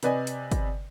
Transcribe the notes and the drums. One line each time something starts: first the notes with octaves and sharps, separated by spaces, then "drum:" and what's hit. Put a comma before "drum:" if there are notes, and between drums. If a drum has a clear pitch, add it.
C3 B4 D5 D#5 G#5, drum: hi-hat
drum: hi-hat
drum: kick G1, hi-hat